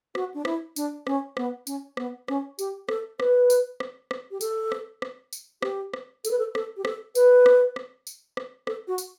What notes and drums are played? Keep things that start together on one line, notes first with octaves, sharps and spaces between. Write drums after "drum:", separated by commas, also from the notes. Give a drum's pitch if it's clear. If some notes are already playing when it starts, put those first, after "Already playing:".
F#4, drum: rim click
D4
E4, drum: rim click
D4, drum: tambourine
C#4, drum: rim click
B3, drum: rim click
C#4, drum: tambourine
B3, drum: rim click
C#4, drum: rim click
G4, drum: tambourine
A4, drum: rim click
B4, drum: rim click
drum: tambourine
drum: rim click
drum: rim click
G4
A4, drum: tambourine
drum: rim click
drum: rim click
drum: tambourine
G4, drum: rim click
drum: rim click
A4, drum: tambourine
B4
A4
A4, drum: rim click
G4
A4, drum: rim click
B4, drum: tambourine
drum: rim click
drum: rim click
drum: tambourine
drum: rim click
A4, drum: rim click
F#4
drum: tambourine